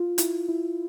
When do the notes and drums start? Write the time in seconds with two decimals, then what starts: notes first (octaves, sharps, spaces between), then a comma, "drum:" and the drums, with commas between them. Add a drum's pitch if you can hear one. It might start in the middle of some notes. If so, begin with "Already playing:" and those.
Already playing: F4
0.18 E4, drum: hi-hat
0.48 E4